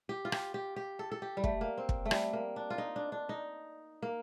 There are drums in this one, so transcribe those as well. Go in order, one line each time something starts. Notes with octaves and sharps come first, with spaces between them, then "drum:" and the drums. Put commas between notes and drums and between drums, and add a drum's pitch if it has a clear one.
G4
F4
G4, drum: rim click
G4
G4
A4
A4
G4
G3
A3, drum: kick
A#3
C4
drum: kick
A3
G3, drum: rim click
A#3
D4
F4
D#4
D4
D4
D#4
A#3